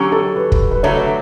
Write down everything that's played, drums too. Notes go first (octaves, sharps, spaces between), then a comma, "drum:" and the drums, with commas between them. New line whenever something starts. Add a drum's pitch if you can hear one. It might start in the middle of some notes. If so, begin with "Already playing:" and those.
Already playing: D3 F#3 C#4 G4
A4
B4
drum: kick
B4
D3 F#3 A3 C#5